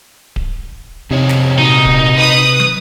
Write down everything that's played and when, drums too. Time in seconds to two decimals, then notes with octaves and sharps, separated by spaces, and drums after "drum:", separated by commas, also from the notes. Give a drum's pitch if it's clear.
0.36 drum: kick D1
1.11 F2 C3 D#4 C#5
1.29 drum: snare
1.58 A#2 D#4 F#4
1.85 drum: kick D1
2.18 B4 D#6
2.60 drum: tom